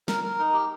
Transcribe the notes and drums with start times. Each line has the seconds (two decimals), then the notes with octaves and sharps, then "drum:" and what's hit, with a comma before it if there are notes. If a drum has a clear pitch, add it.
0.08 A#4, drum: snare
0.24 A#4
0.39 D#4
0.54 G4